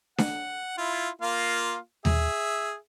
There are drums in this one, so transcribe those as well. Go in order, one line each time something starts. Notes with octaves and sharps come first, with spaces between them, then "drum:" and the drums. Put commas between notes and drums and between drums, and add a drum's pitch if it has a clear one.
F#5, drum: snare D4
E4 F4
A#3 F4 F5
G#4 E5, drum: tom D#2